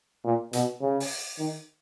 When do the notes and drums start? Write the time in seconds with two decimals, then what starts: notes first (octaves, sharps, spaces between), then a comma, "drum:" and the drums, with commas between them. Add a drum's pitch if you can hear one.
0.25 A#2
0.53 B2, drum: hi-hat
0.81 C#3
1.00 drum: open hi-hat
1.39 D#3